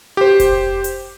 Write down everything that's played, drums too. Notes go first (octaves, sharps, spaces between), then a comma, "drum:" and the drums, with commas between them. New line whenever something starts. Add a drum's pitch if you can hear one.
G4 C5
drum: kick F1, hi-hat
drum: hi-hat